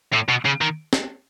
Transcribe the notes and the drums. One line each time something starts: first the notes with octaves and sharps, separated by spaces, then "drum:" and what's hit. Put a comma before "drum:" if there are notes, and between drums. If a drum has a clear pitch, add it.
A2
B2
C#3
D#3
drum: snare